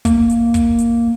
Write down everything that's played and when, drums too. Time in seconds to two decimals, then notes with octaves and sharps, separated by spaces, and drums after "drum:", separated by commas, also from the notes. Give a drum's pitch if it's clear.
0.05 A#3, drum: kick, hi-hat
0.30 drum: hi-hat
0.54 drum: kick, hi-hat
0.79 drum: hi-hat